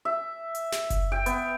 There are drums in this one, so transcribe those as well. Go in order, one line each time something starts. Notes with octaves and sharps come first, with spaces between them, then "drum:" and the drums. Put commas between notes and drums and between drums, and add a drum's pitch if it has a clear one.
E5
drum: hi-hat
drum: snare
drum: kick F#1, hi-hat
G5
B3, drum: hi-hat